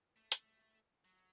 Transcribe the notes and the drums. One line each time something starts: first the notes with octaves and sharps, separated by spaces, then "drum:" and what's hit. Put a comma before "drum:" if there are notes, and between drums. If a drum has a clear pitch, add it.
A3
drum: hi-hat
F#3